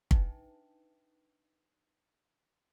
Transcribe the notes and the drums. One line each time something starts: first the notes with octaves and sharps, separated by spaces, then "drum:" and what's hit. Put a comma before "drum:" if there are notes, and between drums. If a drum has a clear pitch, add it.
D4 D#4 B4 E5 G5 A5, drum: kick